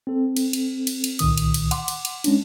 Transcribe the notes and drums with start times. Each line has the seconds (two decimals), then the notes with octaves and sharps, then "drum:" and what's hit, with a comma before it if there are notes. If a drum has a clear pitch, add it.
0.07 C4 A4
0.36 drum: cymbal
0.53 drum: cymbal
0.87 drum: cymbal
1.04 drum: cymbal
1.19 C2 A#2 D#3 D#6, drum: cymbal
1.37 drum: cymbal
1.54 drum: cymbal
1.71 F#5 C6 D6, drum: cymbal
1.88 drum: cymbal
2.05 drum: cymbal
2.24 G#3 C#4 D4, drum: cymbal